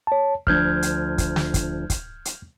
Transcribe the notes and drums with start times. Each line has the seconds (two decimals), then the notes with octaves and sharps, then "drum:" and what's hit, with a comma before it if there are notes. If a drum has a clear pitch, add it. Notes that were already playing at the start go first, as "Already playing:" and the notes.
0.07 C#5 A5
0.47 D2 F3 D4 F6 G6 G#6, drum: kick
0.82 drum: hi-hat
1.18 drum: kick, hi-hat
1.36 drum: snare
1.54 drum: kick, hi-hat
1.90 drum: kick, hi-hat
2.25 drum: hi-hat